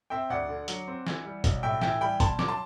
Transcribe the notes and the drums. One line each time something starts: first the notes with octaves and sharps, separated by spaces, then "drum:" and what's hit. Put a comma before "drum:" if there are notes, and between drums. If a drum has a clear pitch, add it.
C4 E5 G5
D2 D5 F#5
D3
F#3, drum: hi-hat
C4
E3, drum: snare
G3
B1, drum: kick, hi-hat
A2 E5 G5
E3 E5 G5, drum: snare
G3 G5 B5
B2 A5 C6, drum: kick, hi-hat
F#3 D6, drum: snare
A5 C6